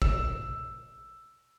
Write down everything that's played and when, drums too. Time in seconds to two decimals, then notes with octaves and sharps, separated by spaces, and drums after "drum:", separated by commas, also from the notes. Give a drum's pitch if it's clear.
0.02 E6, drum: kick